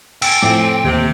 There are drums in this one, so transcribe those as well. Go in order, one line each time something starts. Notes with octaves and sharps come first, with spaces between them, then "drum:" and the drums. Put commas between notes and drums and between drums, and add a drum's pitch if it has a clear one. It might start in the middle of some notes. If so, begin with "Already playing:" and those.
G5 G#5 E6, drum: cymbal
F2 A2 C4 D6
D#2 C3